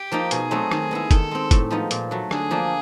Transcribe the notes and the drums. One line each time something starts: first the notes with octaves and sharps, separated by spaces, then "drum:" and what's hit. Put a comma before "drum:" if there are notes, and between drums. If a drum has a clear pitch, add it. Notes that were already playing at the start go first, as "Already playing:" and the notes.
Already playing: G4
F3 A#3 D#4
B2 G#4, drum: hi-hat
F#3 A3 C4 D#4
D#3, drum: rim click
G#3 B3 E4
D#3 A4, drum: kick, hi-hat
G#3 C4
A2, drum: kick, hi-hat
F3 G#3 B3 D#4
A#2, drum: hi-hat
F#3 A3
D3 G#4, drum: rim click
F3 A#3 D4